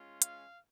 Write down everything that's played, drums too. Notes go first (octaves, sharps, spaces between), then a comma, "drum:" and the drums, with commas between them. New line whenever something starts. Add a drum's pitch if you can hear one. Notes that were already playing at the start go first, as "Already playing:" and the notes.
Already playing: G#3 C#4 F4
F5, drum: hi-hat